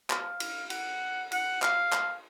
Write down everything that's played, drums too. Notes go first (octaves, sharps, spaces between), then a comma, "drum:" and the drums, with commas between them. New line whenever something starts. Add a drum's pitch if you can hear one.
F5, drum: clap
drum: cymbal
F#5, drum: cymbal
F#5, drum: cymbal
F5, drum: clap
drum: clap